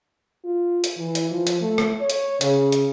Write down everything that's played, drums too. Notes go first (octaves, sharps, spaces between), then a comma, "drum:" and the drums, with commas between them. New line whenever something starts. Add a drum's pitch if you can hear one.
F4
drum: hi-hat
E3
drum: hi-hat
F3
drum: hi-hat
A3
drum: rim click
C#5
drum: hi-hat
C#3, drum: hi-hat
drum: hi-hat